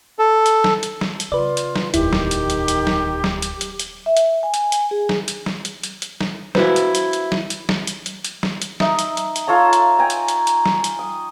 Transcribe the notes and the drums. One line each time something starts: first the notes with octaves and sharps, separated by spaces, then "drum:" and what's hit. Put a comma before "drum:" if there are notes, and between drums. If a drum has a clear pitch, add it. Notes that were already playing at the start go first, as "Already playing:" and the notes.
A4
drum: hi-hat
drum: snare
drum: hi-hat
drum: snare
drum: hi-hat
C#3 F4 B4 D5
drum: hi-hat
drum: snare
D1 E2 D#3 E4 G4, drum: hi-hat
drum: snare
drum: hi-hat
drum: hi-hat
drum: hi-hat
drum: snare
drum: snare
drum: hi-hat
drum: hi-hat
drum: hi-hat
E5
drum: hi-hat
G#5
drum: hi-hat
drum: hi-hat
G#4
drum: snare
drum: hi-hat
drum: snare
drum: hi-hat
drum: hi-hat
drum: hi-hat
drum: snare
E4 F#4 B4 C5, drum: snare
drum: hi-hat
drum: hi-hat
drum: hi-hat
drum: snare
drum: hi-hat
drum: snare
drum: hi-hat
drum: hi-hat
drum: hi-hat
drum: snare
drum: hi-hat
D#4 E5, drum: snare
drum: hi-hat
drum: hi-hat
drum: hi-hat
F4 A4 C#5 A#5
drum: hi-hat
G5 G#5 A#5
drum: hi-hat
drum: hi-hat
drum: hi-hat
drum: snare
drum: hi-hat
D#6